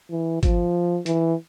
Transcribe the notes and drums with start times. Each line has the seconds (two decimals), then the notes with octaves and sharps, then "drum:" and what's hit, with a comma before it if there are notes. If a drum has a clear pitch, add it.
0.11 E3
0.43 F3, drum: kick, hi-hat
1.06 E3, drum: hi-hat